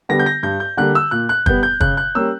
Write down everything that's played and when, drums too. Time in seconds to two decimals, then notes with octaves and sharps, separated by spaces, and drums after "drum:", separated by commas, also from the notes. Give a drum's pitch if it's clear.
0.09 D3 G3 B3 A#6
0.19 G6
0.26 A#6
0.43 G2 G6
0.60 G6
0.77 D3 G3 A#3 F#6
0.95 E6
1.11 A#2 F#6
1.29 F#6
1.46 G3 B3 G6, drum: kick
1.63 G6
1.80 C#3 F#6, drum: kick
1.97 F#6
2.15 G3 A#3 C#4 E6